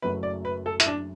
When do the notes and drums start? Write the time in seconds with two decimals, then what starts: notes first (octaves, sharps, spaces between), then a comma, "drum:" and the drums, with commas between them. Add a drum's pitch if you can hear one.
0.02 F#1 F#2 F#3 A3 F#4 B4
0.23 D5
0.45 B4
0.66 A4
0.80 E4, drum: hi-hat
0.86 D4